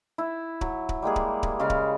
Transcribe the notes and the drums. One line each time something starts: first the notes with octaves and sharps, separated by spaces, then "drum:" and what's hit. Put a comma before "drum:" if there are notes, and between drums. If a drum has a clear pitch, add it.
E4
F#3, drum: kick D1
drum: kick D1
G3 G#3 A#3 G#4
drum: kick D1
drum: kick D1
C#3 G#3 F5 B5
drum: kick D1